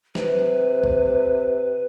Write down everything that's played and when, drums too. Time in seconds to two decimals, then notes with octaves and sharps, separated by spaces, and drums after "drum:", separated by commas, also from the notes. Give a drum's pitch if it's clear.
0.15 C3 B4, drum: snare
0.84 drum: kick